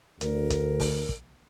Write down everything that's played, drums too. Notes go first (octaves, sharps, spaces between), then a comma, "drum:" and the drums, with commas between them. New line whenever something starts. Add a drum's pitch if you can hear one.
D2 A#4, drum: hi-hat
drum: kick, hi-hat
drum: kick, open hi-hat
drum: kick